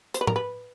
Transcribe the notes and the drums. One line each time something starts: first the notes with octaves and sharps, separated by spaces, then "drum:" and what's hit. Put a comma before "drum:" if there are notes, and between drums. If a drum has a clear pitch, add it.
C5, drum: hi-hat
B4
A#4, drum: tom
B4